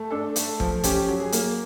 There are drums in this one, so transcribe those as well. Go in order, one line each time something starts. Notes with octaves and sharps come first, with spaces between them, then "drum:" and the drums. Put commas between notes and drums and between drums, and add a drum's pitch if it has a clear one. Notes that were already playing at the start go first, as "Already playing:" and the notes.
Already playing: A3
D4 A4
A3, drum: hi-hat
F3, drum: kick G1
C#4 G4, drum: kick G1, hi-hat
F#3
G#4
A#3, drum: hi-hat